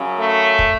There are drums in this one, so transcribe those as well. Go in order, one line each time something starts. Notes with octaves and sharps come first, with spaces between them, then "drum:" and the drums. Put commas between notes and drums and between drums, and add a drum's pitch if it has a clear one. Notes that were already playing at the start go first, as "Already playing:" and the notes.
Already playing: F#2 C#3 F#3
A3
drum: kick